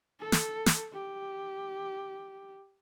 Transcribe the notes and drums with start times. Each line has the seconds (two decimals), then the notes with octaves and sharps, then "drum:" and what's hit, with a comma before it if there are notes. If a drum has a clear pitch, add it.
0.20 A4
0.32 drum: snare
0.66 drum: snare
0.93 G4